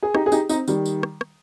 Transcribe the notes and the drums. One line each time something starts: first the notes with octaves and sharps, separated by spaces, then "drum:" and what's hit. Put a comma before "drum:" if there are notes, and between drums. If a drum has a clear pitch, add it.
G#4
D#4 G4, drum: rim click
G#4
D#4 G4, drum: tambourine
C4 D#4, drum: tambourine
D#3 G3, drum: tambourine
drum: tambourine
drum: rim click
drum: rim click